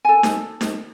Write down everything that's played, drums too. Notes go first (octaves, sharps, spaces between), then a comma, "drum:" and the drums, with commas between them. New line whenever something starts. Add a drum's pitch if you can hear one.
A4 G#5
drum: snare D#4
drum: snare D#4